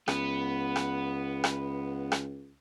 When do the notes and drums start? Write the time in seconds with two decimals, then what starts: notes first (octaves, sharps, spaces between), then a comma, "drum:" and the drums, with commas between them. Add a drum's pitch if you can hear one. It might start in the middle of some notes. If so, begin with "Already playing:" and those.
0.08 C#2 B3, drum: rim click
0.76 drum: rim click
1.44 drum: rim click
2.12 drum: rim click